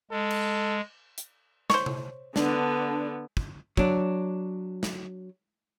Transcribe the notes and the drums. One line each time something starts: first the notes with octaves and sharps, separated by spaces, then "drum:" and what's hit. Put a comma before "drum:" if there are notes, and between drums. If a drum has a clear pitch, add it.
G#3 A4
drum: cymbal
drum: hi-hat
C5 C#5, drum: snare
drum: tom C3
D3 B3 D4, drum: snare
drum: kick
F#3 D4, drum: kick
drum: snare